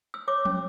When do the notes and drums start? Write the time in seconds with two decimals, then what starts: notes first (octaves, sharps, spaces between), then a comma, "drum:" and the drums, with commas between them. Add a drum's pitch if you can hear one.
0.14 E6
0.28 C#5 D6
0.45 C#4, drum: tom F3